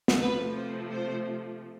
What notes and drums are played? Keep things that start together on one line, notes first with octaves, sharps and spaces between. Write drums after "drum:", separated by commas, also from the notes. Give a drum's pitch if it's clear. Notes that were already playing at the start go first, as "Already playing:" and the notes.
drum: snare
C3 F3 A3 B4
C5
C5